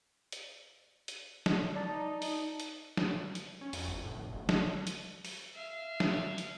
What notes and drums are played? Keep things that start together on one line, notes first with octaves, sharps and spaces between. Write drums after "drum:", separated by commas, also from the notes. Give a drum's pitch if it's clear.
drum: hi-hat
drum: hi-hat
drum: snare
D#4 D5 A5
drum: open hi-hat
drum: hi-hat
drum: snare
drum: hi-hat
C#4
F2, drum: open hi-hat
G1
A2
F1
A1
drum: snare
drum: hi-hat
drum: open hi-hat
E5 F5
drum: snare
drum: hi-hat